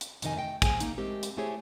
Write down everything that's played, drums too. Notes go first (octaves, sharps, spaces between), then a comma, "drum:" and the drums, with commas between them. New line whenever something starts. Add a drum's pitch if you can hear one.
drum: hi-hat
F2 C3 D#3 D#5 G#5, drum: hi-hat
A3 D#5 E5 G5
F#3 A3 G#4 C5 G#5, drum: kick, hi-hat
A#3 D#4, drum: hi-hat
G#3 A3 C4 G4 A#4
drum: hi-hat
A3 E4 G4 G#4 C5 C#5